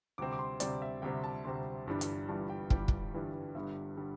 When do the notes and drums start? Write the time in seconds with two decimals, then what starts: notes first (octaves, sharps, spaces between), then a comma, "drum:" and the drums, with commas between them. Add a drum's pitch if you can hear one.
0.18 D2 C3 G3 C4 D6
0.33 D6
0.39 C6
0.60 D2 C3 G3 C4 D5, drum: hi-hat
0.82 E5
1.02 D2 C3 G3 C4 G5
1.24 A5
1.45 D2 C3 G3 C4 C6
1.87 G1 G2 E3 G3 D4
2.01 drum: hi-hat
2.28 G1 G2 E3 G3 D4 A5
2.50 G5
2.70 G1 G2 E3 G3 D4 G5, drum: kick
2.88 drum: kick
3.13 G1 G2 E3 G3 D4
3.55 G1 G2 D3 G3 E5
3.97 D3 G3